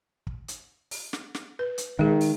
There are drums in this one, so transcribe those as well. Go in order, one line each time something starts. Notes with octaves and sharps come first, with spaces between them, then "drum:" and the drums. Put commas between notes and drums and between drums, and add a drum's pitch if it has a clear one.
drum: kick
drum: hi-hat
drum: open hi-hat
drum: snare
drum: snare
B4
drum: hi-hat
D#3 G#3 G#4
drum: open hi-hat